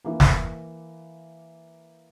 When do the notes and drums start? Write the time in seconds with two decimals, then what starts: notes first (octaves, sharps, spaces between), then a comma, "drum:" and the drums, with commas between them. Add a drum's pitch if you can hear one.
0.05 E3 A#3
0.20 drum: snare